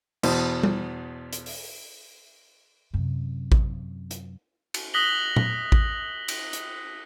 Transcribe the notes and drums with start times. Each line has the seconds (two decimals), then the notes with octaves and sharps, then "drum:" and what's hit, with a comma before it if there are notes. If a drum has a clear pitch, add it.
0.23 E2 B2 C5 A5, drum: cymbal
0.63 drum: tom G3
1.33 drum: hi-hat
1.46 drum: open hi-hat
2.93 F#2 C3
3.52 drum: kick A1
4.11 drum: hi-hat
4.74 drum: cymbal
4.94 D#6 F#6 A#6 B6 F#7 G7
5.36 drum: tom A#2
5.72 drum: kick A1
6.28 drum: cymbal
6.53 drum: hi-hat